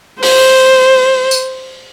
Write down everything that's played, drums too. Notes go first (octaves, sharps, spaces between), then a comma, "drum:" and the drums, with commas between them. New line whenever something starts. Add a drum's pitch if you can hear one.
C5, drum: open hi-hat
drum: tambourine